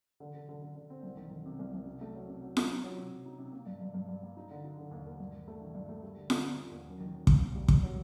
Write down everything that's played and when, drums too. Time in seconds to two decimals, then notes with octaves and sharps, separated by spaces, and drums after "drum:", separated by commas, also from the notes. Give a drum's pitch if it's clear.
0.20 D3
0.34 D3
0.49 D3
0.62 D3
0.75 D3
0.90 C4
1.03 C2
1.17 D#3
1.31 D#3
1.46 C3
1.59 C2
1.73 C2
1.86 C3
2.01 A3
2.14 F#3
2.29 C3
2.42 F#3
2.57 F#3, drum: snare F4
2.70 D#4
2.84 F#3
2.98 C3
3.11 C3
3.26 D#4
3.39 C3
3.52 A#3
3.66 G2
3.81 G2
3.94 G2
4.08 G2
4.23 A#3
4.37 D#4
4.51 D3
4.64 D#4
4.78 D3
4.91 D#2
5.06 D#2
5.20 G2
5.33 D#3
5.48 A3
5.61 D#3
5.75 G2
5.89 A3
6.03 G3
6.17 D3
6.30 D3, drum: snare F4
6.45 D3
6.58 D3
6.71 D#2
6.86 F#2
7.00 D#3
7.13 F#2
7.27 A#3, drum: kick
7.41 A#3
7.55 G3
7.68 G2, drum: kick
7.82 F#3